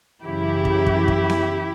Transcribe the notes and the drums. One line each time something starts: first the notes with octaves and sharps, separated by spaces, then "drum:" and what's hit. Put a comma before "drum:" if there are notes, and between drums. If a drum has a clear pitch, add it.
F#2 C#3 E3 E4 G4
drum: kick
drum: kick
drum: kick
drum: snare B3